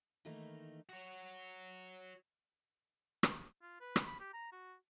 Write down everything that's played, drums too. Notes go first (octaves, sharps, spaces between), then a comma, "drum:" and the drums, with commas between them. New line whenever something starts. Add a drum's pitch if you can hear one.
D#3 E3 A3 A#3 D#4 E4
F#4 C#5
drum: rim click
F4
B4
drum: rim click
B5
G4
A#5
F#4